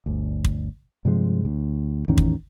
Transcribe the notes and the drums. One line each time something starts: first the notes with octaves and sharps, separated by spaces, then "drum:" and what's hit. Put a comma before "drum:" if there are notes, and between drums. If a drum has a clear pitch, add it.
G1 D2
drum: kick
G2 C3 F3 G#3
D2
A1 E2 D#3 C#4
drum: kick